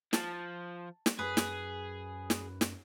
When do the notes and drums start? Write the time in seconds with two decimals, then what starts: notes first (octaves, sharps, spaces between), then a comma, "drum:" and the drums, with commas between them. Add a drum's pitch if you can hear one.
0.13 F3 A5, drum: snare
1.06 drum: snare
1.19 F#2 G#4 B4
1.37 drum: snare
2.30 drum: snare
2.61 drum: snare